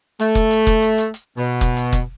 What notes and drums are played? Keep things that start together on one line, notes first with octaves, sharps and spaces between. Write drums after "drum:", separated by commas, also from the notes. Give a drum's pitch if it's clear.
A3, drum: hi-hat
drum: kick F1, hi-hat
drum: hi-hat
drum: kick F1, hi-hat
drum: hi-hat
drum: hi-hat
drum: hi-hat
B2
drum: kick F1, hi-hat
drum: hi-hat
drum: kick F1, hi-hat